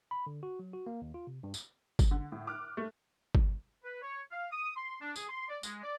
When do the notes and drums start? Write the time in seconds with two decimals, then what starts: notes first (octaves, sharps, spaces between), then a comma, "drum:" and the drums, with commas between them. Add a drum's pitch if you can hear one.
0.11 B5
0.26 D3
0.43 F#4
0.59 F#3
0.73 F#4
0.86 A#3
1.02 D#2
1.14 F4
1.27 C3
1.43 G2
1.54 drum: tambourine
1.99 drum: kick G1, tambourine
2.11 D3
2.32 A2
2.47 D6 F6 F#6
2.77 A3
3.35 drum: kick G1
3.84 B4
4.02 C#5
4.31 F5
4.52 D#6
4.76 C6
5.01 D4
5.16 G#4, drum: tambourine
5.29 C6
5.49 D5
5.63 G#3, drum: tambourine
5.83 D5